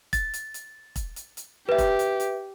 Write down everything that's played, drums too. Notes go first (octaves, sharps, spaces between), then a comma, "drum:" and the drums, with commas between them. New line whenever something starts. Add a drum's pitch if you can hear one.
A6, drum: kick E1, hi-hat
drum: hi-hat
drum: hi-hat
drum: kick E1, hi-hat
drum: hi-hat
drum: hi-hat
G4 B4 E5
drum: kick E1, hi-hat
drum: hi-hat
drum: hi-hat